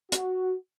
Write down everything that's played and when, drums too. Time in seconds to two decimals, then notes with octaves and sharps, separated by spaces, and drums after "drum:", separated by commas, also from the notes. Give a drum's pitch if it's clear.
0.12 F#4, drum: hi-hat